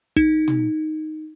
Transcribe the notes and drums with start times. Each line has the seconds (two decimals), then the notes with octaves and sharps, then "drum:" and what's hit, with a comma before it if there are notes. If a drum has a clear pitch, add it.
0.16 D#4, drum: kick
0.48 drum: tom